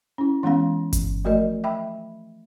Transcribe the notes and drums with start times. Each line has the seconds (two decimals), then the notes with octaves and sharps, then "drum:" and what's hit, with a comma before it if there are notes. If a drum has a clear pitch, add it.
0.18 C#4 E4
0.43 E3 G#3 B3 C#4 F5
0.93 drum: kick G1, hi-hat
1.25 F3 A3 F#4 A#4 D5 D#5
1.64 E5 G5 B5